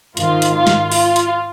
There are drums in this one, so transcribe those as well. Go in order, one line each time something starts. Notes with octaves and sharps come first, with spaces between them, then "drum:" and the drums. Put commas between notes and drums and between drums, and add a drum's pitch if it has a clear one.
G#2 D#3 F4, drum: hi-hat
drum: hi-hat
F4
drum: snare
F4, drum: open hi-hat
drum: hi-hat